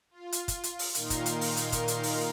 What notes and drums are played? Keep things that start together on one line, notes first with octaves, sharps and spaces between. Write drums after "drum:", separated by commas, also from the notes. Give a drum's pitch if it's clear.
F4
drum: hi-hat
drum: kick, hi-hat
drum: hi-hat
drum: open hi-hat
A#2 D#3 D#4 A#4 F5 C6, drum: hi-hat
drum: kick, hi-hat
drum: hi-hat
drum: open hi-hat
drum: hi-hat
drum: kick, hi-hat
drum: hi-hat
drum: open hi-hat